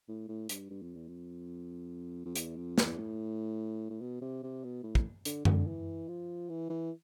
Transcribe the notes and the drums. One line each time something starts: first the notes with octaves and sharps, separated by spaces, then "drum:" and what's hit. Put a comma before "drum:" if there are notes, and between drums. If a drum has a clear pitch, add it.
A2
A2
G2, drum: hi-hat
G2
F2
E2
F2
F2
E2, drum: hi-hat
F2
E2, drum: snare
A2
A2
B2
C3
C3
B2
A2
drum: kick
D3, drum: hi-hat
D3, drum: tom F#2
E3
F3
E3
E3